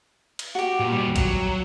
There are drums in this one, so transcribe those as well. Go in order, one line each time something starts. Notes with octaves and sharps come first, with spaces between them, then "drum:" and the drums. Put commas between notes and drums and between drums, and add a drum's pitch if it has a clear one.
drum: cymbal
F#4 G4
A#2
D#2 G3
F#3, drum: kick, cymbal